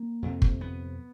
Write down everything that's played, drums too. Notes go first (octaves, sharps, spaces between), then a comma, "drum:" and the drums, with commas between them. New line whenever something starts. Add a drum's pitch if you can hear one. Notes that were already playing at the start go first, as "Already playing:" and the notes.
Already playing: A#3
F2 C3
drum: kick
B3